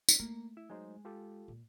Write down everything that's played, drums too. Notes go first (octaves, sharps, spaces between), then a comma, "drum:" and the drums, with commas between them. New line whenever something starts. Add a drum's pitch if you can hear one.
drum: tambourine
A3 A#3
E4
F#3 G#3 D#4 C5
F4 G4 A4
A#2